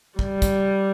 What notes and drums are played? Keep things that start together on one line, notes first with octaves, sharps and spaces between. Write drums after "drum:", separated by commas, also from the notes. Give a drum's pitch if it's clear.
G3, drum: kick
drum: kick, hi-hat